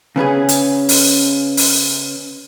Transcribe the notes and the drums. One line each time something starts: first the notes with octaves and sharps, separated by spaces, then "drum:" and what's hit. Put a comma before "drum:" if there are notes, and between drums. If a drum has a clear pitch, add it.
C#3 B3 C#4 G#4
drum: hi-hat
drum: open hi-hat
drum: open hi-hat